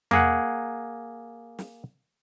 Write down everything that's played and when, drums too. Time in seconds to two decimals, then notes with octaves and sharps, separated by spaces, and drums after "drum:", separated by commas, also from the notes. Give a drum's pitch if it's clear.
0.11 A#3 G#4 F#5, drum: tom E2
1.59 drum: snare